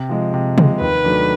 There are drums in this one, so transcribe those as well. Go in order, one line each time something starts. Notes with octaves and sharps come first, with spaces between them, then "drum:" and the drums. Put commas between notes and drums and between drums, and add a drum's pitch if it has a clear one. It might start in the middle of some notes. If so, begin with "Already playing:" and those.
Already playing: C3
F3 G#3
C3
F3 G#3, drum: tom
D#2 B4
D#3 F#3 A3 D4